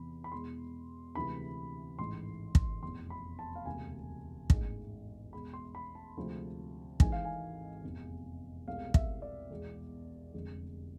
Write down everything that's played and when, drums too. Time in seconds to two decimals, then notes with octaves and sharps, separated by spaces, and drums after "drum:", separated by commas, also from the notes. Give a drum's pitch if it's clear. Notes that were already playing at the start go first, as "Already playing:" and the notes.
Already playing: E2 C3 E3 B5
0.24 B5
0.32 E2 B2 G#3 C6
1.15 D2 C3 E3 G#3 B5
1.99 A1 G#2 E3 C6
2.55 drum: kick
2.82 F1 E2 B2 C6
3.10 B5
3.39 A5
3.55 F5
3.66 E1 D2 C3 G#5
4.50 A1 G#2 G#3, drum: kick
5.33 E2 B2 G#3 B5
5.53 C6
5.75 B5
5.95 A5
6.17 D2 C3 F3 G#3
7.00 G#1 G#2 E3 G#3 G#5, drum: kick
7.12 F5
7.25 G#5
7.83 F1 E2 C3
8.68 C2 B2 G#3 F5
8.94 E5, drum: kick
9.22 D5
9.50 E2 B2 G#3
10.34 F1 F2 D3 G#3